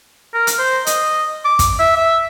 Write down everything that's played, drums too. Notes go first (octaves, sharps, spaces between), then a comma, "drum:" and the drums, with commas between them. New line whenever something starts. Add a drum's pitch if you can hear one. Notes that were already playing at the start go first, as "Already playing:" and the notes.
A#4
drum: hi-hat
C5
D#5, drum: hi-hat
D6
drum: kick, hi-hat
E5
E5